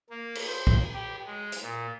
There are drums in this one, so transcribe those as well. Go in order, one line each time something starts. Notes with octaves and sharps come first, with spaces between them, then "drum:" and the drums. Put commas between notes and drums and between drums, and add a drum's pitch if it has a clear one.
A#3
drum: cymbal
C5
drum: kick
G4
G#3
drum: hi-hat
A#2